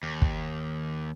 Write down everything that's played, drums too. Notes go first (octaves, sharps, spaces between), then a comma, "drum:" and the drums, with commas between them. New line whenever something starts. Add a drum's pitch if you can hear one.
D#2
drum: kick